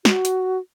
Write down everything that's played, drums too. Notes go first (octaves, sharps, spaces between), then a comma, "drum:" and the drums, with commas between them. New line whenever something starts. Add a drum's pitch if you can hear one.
F#4, drum: snare
drum: hi-hat